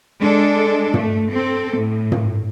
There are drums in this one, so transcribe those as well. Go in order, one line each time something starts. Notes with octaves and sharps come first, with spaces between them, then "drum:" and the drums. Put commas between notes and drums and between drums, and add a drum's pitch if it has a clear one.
G#3 D4 A4
A3, drum: tom
C4 A4
A2
drum: tom